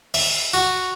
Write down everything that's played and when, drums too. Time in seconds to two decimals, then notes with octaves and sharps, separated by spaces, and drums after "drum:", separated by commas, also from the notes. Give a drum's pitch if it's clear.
0.14 E5, drum: open hi-hat
0.54 F#4